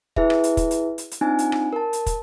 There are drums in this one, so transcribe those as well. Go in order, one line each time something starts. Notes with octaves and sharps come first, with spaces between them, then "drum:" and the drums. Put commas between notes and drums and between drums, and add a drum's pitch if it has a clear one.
E4 G#4 B4 E5, drum: kick
drum: rim click
drum: hi-hat
drum: kick, hi-hat
drum: hi-hat
drum: hi-hat
drum: hi-hat
C4 D4 D#4 F4 G#5
drum: hi-hat
drum: rim click
A#4 A5
drum: hi-hat
drum: kick, hi-hat